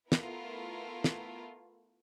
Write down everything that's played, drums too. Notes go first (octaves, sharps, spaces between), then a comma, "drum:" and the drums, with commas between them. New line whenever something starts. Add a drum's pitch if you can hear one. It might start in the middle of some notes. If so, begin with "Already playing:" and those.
A3 B3 E4 F4 A#4, drum: snare
drum: snare